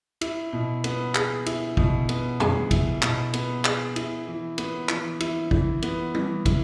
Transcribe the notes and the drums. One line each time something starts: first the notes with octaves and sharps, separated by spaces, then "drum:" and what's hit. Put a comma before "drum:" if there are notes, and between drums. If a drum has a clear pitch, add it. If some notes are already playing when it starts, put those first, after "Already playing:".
E4, drum: cymbal
B2
B3, drum: cymbal
G#4, drum: clap
E4, drum: cymbal
B2, drum: kick
B3, drum: cymbal
G#4, drum: tom E2
E4, drum: kick, cymbal
B2, drum: clap
B3, drum: cymbal
G#4, drum: clap
E4, drum: cymbal
E3
B3, drum: cymbal
E3, drum: clap
E4, drum: cymbal
E3, drum: kick
B3, drum: cymbal
E3, drum: tom G3
E4, drum: kick, cymbal